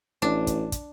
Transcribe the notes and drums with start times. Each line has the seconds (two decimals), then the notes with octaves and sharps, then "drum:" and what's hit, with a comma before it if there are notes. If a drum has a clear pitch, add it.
0.22 A1 D4
0.47 drum: kick, hi-hat
0.72 drum: kick, hi-hat